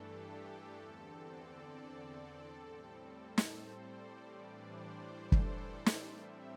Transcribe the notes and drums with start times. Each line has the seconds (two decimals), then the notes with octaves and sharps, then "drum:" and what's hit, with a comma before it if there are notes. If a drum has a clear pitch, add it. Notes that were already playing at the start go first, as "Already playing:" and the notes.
Already playing: G2 E3 A3 D4 G4 A4
0.35 A4
0.78 E2 D3 C4
1.21 D5
2.08 A4
2.51 A2 G3 C4
2.94 A4
3.38 C5, drum: snare
3.81 D5
4.24 A2 E3 G3 D4 D5
4.67 C5
5.10 A4
5.32 drum: kick
5.53 C5
5.86 drum: snare
5.96 A2 G3 C4 E5